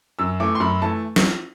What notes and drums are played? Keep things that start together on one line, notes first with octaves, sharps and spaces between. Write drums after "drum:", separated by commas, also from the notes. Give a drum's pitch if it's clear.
F#2 E6
E3 A3 D6
C6
F#2 B5
E3 A3 A5
drum: snare